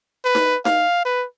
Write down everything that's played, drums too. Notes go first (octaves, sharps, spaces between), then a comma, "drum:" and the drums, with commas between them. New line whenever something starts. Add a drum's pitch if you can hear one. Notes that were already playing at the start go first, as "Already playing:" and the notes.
B4
drum: snare D#4
F5, drum: snare D#4
B4